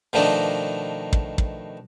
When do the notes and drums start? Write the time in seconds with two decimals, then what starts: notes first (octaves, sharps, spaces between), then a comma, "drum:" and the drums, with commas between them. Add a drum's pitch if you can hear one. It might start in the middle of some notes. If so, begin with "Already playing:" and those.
0.13 B2 D#3 F3 A3 D4 D#4
1.13 drum: kick
1.38 drum: kick